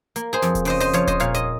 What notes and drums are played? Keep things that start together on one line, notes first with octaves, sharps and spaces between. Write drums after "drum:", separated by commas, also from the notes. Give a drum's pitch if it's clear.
A#3, drum: hi-hat
G#4 C5
F2, drum: snare
drum: kick D#1, hi-hat
C#3 C5 D#5, drum: open hi-hat
C5 D#5, drum: hi-hat
F3 C#5 F5, drum: hi-hat
C5 D#5, drum: kick D#1, hi-hat
A#2 C#5 F5, drum: hi-hat
D#5, drum: hi-hat